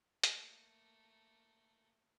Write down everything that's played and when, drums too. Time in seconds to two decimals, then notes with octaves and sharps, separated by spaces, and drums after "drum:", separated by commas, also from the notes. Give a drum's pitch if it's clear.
0.24 A3 A#3, drum: hi-hat